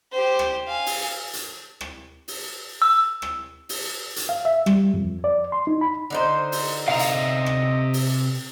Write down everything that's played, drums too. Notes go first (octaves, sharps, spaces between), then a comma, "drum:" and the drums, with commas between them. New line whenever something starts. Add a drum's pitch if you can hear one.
G4 C5
drum: rim click
F5 G#5
drum: open hi-hat
drum: hi-hat
drum: rim click
drum: open hi-hat
E6
drum: rim click
drum: open hi-hat
drum: hi-hat
F5
E5
G3, drum: rim click
F2
D5
C6
D#4
B5
D3 D#4 C5
drum: open hi-hat
C3 D#5 F5 A#5
drum: hi-hat
drum: rim click
drum: open hi-hat